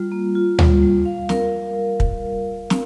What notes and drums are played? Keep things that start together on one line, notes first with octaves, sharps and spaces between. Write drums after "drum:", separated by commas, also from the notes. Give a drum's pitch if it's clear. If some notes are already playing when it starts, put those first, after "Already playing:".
Already playing: G3 F4
A#3
F4
G3, drum: tom D2
G3
F5
A#4, drum: snare
drum: kick
drum: snare